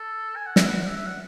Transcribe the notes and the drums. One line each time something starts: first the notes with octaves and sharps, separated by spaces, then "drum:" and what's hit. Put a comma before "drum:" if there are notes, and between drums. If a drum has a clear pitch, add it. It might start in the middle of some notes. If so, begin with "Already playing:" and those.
Already playing: A4
G#5
F#5
E5, drum: snare
F#5
F#5
E5
E5
F#5